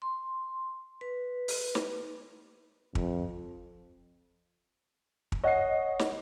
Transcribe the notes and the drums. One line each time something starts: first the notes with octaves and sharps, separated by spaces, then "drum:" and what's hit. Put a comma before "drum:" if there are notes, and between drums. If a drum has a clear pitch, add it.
C6
B4
drum: open hi-hat
drum: snare
F2, drum: kick
drum: kick
C#5 D#5 F#5 C7
drum: snare